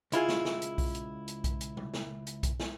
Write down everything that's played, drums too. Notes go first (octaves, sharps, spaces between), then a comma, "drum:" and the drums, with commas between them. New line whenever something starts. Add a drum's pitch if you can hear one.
C#2 E4 F4 G#4, drum: hi-hat
drum: snare
drum: snare
drum: hi-hat
drum: kick B1, open hi-hat
drum: hi-hat
drum: hi-hat
drum: kick B1, hi-hat
drum: hi-hat
drum: tom C3
drum: snare
drum: hi-hat
drum: kick B1, hi-hat
drum: snare